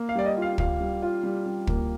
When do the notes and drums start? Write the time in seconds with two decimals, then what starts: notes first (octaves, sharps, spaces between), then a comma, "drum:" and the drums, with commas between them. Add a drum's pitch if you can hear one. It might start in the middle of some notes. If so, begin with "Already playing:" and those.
Already playing: A#3
0.09 F5
0.15 G3 D5
0.26 D#5
0.37 F4
0.42 F5
0.58 F4 F5, drum: kick
0.80 G3
1.02 F4
1.23 G3
1.46 G3
1.67 A#3, drum: kick